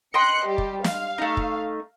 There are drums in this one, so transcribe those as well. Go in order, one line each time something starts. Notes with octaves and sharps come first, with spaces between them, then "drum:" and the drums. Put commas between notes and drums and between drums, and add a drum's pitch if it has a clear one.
D#5 G5 C6 F#6 C#7
G3 G4
drum: kick
F5, drum: snare
A3 D#4
drum: kick